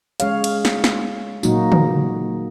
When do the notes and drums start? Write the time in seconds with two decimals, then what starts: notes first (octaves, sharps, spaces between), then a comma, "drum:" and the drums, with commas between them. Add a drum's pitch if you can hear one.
0.20 G#3 C#4 G#4 C#5 F5, drum: hi-hat
0.44 drum: cymbal
0.65 drum: snare
0.84 drum: snare
1.43 A#2 F#3 A#3 D#4 F#4, drum: tambourine
1.72 drum: tom